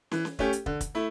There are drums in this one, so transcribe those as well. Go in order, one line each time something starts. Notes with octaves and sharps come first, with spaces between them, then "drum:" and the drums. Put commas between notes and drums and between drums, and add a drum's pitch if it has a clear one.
E3, drum: snare
drum: snare
A3 C#4 G4, drum: kick
drum: hi-hat
D3, drum: kick
drum: kick, hi-hat
A3 E4